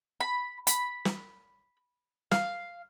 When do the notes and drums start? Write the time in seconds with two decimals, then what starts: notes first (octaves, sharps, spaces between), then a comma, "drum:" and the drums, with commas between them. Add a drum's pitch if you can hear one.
0.20 B5
0.67 B5, drum: hi-hat
1.05 drum: snare
2.31 F5, drum: snare